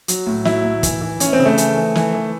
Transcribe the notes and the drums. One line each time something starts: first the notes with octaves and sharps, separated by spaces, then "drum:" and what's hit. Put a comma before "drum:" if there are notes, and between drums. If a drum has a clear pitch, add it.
F#3, drum: hi-hat
A2
F#3 E4, drum: snare
A2
E3, drum: kick, hi-hat
E3
E3 C#4, drum: hi-hat
C4
C#3
A3
E3, drum: hi-hat
E3
E3, drum: snare
E3